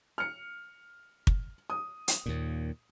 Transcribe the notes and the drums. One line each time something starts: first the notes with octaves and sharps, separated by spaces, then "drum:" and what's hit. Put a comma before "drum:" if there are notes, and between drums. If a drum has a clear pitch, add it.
F6 C#7
drum: kick
D#6
drum: hi-hat
D#2 A#2